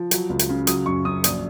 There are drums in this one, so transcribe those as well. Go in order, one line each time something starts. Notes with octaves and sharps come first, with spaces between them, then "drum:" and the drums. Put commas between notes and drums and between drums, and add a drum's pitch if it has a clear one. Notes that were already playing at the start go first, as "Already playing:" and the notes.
Already playing: F3
F#3, drum: hi-hat
C#2
drum: hi-hat
C#3
F#3 D#6, drum: hi-hat
F#2 C#6
F#2 D#6
A#1 D#6, drum: hi-hat